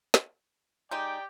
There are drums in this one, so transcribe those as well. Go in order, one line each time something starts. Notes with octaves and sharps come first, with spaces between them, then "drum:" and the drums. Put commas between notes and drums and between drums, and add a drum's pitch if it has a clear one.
drum: snare
G#3 D#4 G4 D5 G5